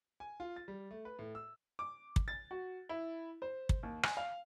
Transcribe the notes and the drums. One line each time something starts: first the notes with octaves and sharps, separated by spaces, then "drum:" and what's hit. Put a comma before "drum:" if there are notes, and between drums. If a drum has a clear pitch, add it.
G#5
F4
A6
G3
A3
B4
A2
E6
D6
drum: kick
A6
F#4
E4
C5
drum: kick
D#2
G#5, drum: rim click
F5